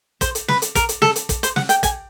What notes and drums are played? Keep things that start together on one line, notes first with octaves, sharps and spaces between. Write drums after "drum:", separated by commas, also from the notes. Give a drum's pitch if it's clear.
C5, drum: kick, hi-hat
drum: hi-hat
B4, drum: snare
drum: hi-hat
A#4, drum: kick, hi-hat
drum: hi-hat
A4, drum: snare
drum: hi-hat
drum: kick, hi-hat
C5, drum: hi-hat
F#5, drum: snare
G5, drum: hi-hat
G#5, drum: kick, hi-hat